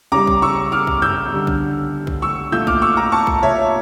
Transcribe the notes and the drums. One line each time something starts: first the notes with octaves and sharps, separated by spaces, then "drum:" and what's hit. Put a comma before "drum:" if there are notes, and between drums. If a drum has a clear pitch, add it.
C#3 G3 A#5 D6
drum: kick A#1
C#6 E6
D6 F6
drum: kick A#1
E6 G6, drum: tom F#2
D3 G3
drum: kick A#1
drum: kick A#1
C#6 E6, drum: tom G#3
A#2 A3 E6 G6
D6 F6, drum: kick A#1
C#6 E6
A#5 D6
A5 C#6
drum: kick A#1
C#5 E5, drum: tom B2